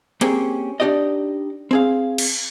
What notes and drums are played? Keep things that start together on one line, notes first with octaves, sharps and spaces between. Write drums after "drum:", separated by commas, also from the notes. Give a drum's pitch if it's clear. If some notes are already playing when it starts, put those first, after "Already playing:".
A#3 C4 C#4 G4 G#4 C5, drum: hi-hat
D4 D#4 G4 D5 D#5
C4 G#4 F5
drum: cymbal